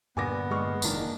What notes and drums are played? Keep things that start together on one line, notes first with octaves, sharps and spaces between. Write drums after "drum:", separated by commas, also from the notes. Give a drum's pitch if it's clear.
G2 A#2 D3 B3 G#5 D6 A#6
G#3 G#4 C#6 F6
F1 D#3 A#3 D4, drum: tambourine